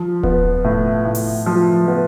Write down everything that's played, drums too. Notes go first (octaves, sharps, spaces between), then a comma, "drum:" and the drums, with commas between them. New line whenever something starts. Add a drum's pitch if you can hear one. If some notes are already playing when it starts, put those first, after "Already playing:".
Already playing: F3
B3, drum: kick D#1
A2
A2
drum: open hi-hat
F3
B3